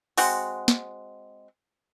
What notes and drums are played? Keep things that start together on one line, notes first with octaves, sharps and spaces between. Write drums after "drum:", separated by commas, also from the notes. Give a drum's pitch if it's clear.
G#3 C4 F#4 F#5, drum: open hi-hat
drum: snare